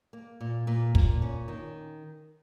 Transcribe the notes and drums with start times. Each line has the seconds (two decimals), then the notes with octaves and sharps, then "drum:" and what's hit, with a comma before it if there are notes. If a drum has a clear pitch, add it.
0.13 A#3
0.41 A#2
0.67 A#2
0.95 A#2, drum: kick
1.22 C#4
1.48 D#3